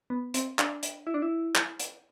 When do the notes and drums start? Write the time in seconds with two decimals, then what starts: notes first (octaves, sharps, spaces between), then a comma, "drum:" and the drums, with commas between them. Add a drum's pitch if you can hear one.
0.10 B3
0.34 C4, drum: hi-hat
0.59 D4, drum: clap
0.83 drum: hi-hat
1.07 E4
1.14 D4
1.22 E4
1.55 drum: clap
1.80 drum: hi-hat